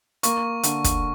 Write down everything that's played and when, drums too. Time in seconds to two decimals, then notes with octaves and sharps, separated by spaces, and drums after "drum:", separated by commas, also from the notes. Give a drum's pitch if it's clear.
0.23 A#3 C#6, drum: hi-hat
0.63 D3, drum: hi-hat
0.84 drum: kick, hi-hat